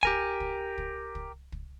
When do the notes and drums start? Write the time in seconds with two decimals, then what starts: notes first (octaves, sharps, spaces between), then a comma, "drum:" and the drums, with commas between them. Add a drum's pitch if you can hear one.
0.03 G4 A#4 G#5, drum: kick
0.40 drum: kick
0.78 drum: kick
1.15 drum: kick
1.52 drum: kick